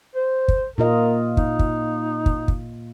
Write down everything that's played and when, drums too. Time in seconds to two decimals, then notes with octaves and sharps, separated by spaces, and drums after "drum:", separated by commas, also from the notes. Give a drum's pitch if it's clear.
0.15 C5
0.48 drum: kick
0.78 A#2 F4 A#4 D#5
1.37 D#4, drum: kick
1.59 drum: kick
2.26 drum: kick
2.48 drum: kick